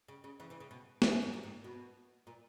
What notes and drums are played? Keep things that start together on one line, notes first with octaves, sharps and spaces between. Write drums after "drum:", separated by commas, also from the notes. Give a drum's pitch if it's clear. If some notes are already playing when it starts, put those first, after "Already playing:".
C#3
C#3
C#3 E3
C#3 E3
C#3
B2
A#2, drum: snare
A#2
G#2
A#2
G#2
B2
A#2